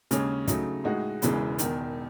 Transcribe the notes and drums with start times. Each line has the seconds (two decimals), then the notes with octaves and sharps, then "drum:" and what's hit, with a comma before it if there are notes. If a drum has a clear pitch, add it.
0.11 D#2 C#3 G#3 C#4, drum: hi-hat
0.47 C#3 F#3 A3 D#4, drum: kick, hi-hat
0.84 A2 G#3 D#4 F#4
1.22 E1 E2 C#3 E3 G#3, drum: hi-hat
1.59 E1 E2 D#3, drum: hi-hat